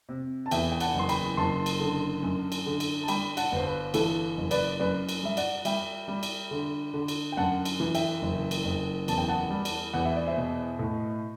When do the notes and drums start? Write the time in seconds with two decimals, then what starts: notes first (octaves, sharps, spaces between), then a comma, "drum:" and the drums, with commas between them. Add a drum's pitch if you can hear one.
0.09 C3
0.46 A5
0.51 E2 E5 G5, drum: cymbal
0.72 G5
0.80 F#5 A5, drum: cymbal
0.95 F#1 C6
1.09 G5 B5, drum: cymbal
1.37 F#1 A5 C6
1.66 drum: cymbal
1.80 D3
2.23 F#2
2.52 drum: cymbal
2.66 D3
2.80 drum: cymbal
3.03 A5
3.08 G3 G5 B5, drum: cymbal
3.37 F#5 A5, drum: cymbal
3.52 G1 C5
3.66 B4
3.94 E3 A4, drum: cymbal
4.38 F#1
4.51 B4 D5, drum: cymbal
4.80 F#2 B4 D5
5.09 drum: cymbal
5.23 G3 E5
5.37 D5 F#5, drum: cymbal
5.65 G3 E5 G5, drum: cymbal
6.08 G3
6.23 drum: cymbal
6.51 D3
6.94 D3
7.08 drum: cymbal
7.32 G5
7.37 F#2 F#5 A5
7.65 drum: cymbal
7.80 E3
7.95 E5 G5, drum: cymbal
8.22 F#1
8.51 drum: cymbal
8.65 F#1
9.08 E2 A5, drum: cymbal
9.18 G5
9.28 F#5 A5
9.50 G3
9.65 drum: cymbal
9.93 E2 F#5
10.05 E5
10.16 D5
10.26 C5 E5
10.37 B2
10.79 A2